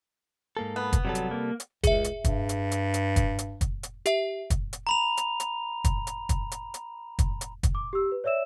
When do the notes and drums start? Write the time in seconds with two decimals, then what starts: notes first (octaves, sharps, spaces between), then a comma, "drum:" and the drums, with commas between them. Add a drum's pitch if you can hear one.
0.57 G#2 A#3 A4
0.76 B3
0.93 drum: kick, hi-hat
1.05 C3 F#3 G3 A4
1.15 drum: hi-hat
1.31 A#3
1.60 drum: hi-hat
1.84 C#2 G#4 E5, drum: kick, hi-hat
2.04 drum: hi-hat
2.24 G2, drum: kick, hi-hat
2.49 drum: hi-hat
2.71 drum: hi-hat
2.94 drum: hi-hat
3.16 drum: kick, hi-hat
3.39 drum: hi-hat
3.61 drum: kick, hi-hat
3.83 drum: hi-hat
4.06 G4 E5, drum: hi-hat
4.50 drum: kick, hi-hat
4.73 drum: hi-hat
4.87 A#5 B5 F7
5.17 drum: hi-hat
5.40 drum: hi-hat
5.84 drum: kick, hi-hat
6.07 drum: hi-hat
6.29 drum: kick, hi-hat
6.52 drum: hi-hat
6.74 drum: hi-hat
7.19 drum: kick, hi-hat
7.41 drum: hi-hat
7.63 drum: kick, hi-hat
7.75 D6
7.93 G4 E6
8.12 B4
8.24 C#5 D5 E5 E6 E7